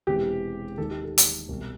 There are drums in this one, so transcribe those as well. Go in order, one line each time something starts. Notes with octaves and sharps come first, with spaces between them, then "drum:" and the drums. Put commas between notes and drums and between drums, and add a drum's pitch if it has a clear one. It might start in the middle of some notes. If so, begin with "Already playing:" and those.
E1 E2 C3 E3 G4
D#2 D#3 A4
G4
A4
drum: hi-hat
C2 B2